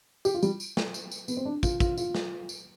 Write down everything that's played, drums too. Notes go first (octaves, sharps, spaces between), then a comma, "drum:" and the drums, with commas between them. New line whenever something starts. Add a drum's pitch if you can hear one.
G4, drum: tambourine
F4
G3, drum: tambourine
drum: tambourine
drum: snare
drum: tambourine
drum: tambourine
B3, drum: tambourine
C4
D4
F4, drum: kick, tambourine
F4, drum: kick, tambourine
F4, drum: tambourine
drum: snare
drum: tambourine